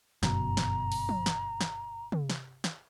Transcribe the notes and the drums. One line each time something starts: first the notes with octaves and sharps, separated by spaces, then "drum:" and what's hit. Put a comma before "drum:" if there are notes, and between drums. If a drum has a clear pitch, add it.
G1 F#2 B2 A#5, drum: snare
drum: snare
drum: open hi-hat
drum: tom
drum: snare
drum: snare
drum: tom
drum: snare
drum: snare